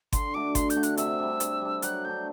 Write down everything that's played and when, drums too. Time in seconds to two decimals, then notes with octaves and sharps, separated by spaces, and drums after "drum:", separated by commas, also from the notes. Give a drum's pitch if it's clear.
0.13 D3 C6, drum: kick G1, hi-hat
0.34 A3 D4 F#4 D6
0.55 D3 C6, drum: kick G1, hi-hat
0.70 G6, drum: hi-hat
0.76 A3 D4 F#4
0.83 F#6, drum: hi-hat
0.97 C3 E6, drum: hi-hat
1.19 G3 D4
1.40 C3, drum: hi-hat
1.61 G3 D4
1.82 F#3 F#6, drum: hi-hat
2.05 A3 D4 G6